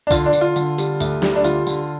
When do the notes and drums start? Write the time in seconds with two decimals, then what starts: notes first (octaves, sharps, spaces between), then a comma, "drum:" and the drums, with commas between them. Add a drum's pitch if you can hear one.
0.07 D4
0.11 D3 F4, drum: kick, tambourine
0.26 D4
0.33 D3, drum: tambourine
0.41 F4
0.56 D3, drum: tambourine
0.78 G3, drum: tambourine
1.00 D2, drum: tambourine
1.22 G3, drum: snare
1.36 D4
1.44 D3 F4, drum: tambourine
1.67 D3, drum: tambourine